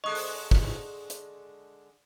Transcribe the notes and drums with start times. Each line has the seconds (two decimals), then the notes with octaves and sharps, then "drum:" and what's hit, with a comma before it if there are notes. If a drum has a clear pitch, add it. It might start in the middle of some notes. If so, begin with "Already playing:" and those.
0.04 D3 G#3 A4 D#5 C#6 D#6
0.15 drum: open hi-hat
0.51 drum: kick
1.10 drum: hi-hat